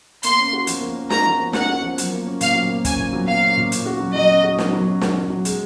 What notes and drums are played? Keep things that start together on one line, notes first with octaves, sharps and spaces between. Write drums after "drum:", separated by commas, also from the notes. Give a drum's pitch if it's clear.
A#3 C6, drum: hi-hat
C#4
F#4
F3, drum: hi-hat
A#3
C#4
F#4 A#5, drum: snare
F3
A#3
C#4 F#5, drum: snare
F#4
F3
F#3, drum: hi-hat
A#3
C#4
A#2 F5, drum: hi-hat
F#3
A#3
C#4 G#5, drum: kick, hi-hat
A#2
F#3
A#3 F5
C#4
A#2
C#4, drum: hi-hat
F#4
F#3
F#3 D#5
C#4
F#4
F#3, drum: snare
F#3
C#4
F#4, drum: snare
F#3
F#3
G#3, drum: hi-hat